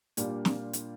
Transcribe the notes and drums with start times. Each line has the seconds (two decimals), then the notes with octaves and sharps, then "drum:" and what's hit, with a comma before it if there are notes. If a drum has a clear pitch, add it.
0.17 A#2 G3 A#3 D4 F4, drum: hi-hat
0.45 drum: snare
0.73 drum: hi-hat